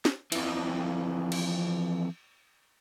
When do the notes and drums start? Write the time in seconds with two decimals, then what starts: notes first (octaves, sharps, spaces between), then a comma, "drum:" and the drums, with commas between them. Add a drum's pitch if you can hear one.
0.05 drum: snare
0.32 F2 E3, drum: cymbal
1.32 drum: cymbal